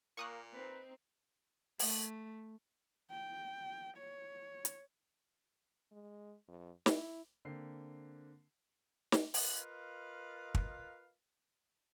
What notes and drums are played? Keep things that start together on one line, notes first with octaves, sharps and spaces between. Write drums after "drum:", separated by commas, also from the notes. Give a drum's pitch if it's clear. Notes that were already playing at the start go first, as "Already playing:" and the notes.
A#2 A#3 C#6 D#6 F#6
C4 D#4 B4
A3, drum: open hi-hat
G5
C#5
drum: hi-hat
G#3
F2
E4, drum: snare
D3 A#3 C4 C7
drum: snare
F4 A#4 B4 D#5 F5, drum: open hi-hat
drum: kick